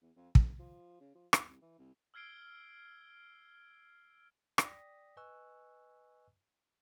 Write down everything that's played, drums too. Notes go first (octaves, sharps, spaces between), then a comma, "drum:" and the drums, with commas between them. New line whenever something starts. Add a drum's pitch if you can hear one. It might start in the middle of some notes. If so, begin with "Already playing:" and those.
E2
F2
F#1, drum: kick
F3
C#3
F3
E2, drum: rim click
C2
E3
C2
E6 F6 G#6 C7 D7 G7
D5 G5 D#6 A#6 B6, drum: rim click
B4 D#5 G#5 C#6 E6 F#6